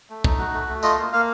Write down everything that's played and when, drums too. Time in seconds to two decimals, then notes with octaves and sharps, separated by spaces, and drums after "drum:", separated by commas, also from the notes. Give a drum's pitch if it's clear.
0.10 A3
0.24 D#4, drum: kick
0.39 F#4
0.53 A3
0.68 A3
0.83 F4 D#5, drum: tambourine
0.98 A#3
1.13 A#3 F5